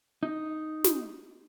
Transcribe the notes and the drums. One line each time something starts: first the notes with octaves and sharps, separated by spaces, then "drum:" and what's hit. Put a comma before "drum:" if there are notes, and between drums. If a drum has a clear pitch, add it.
D#4
drum: snare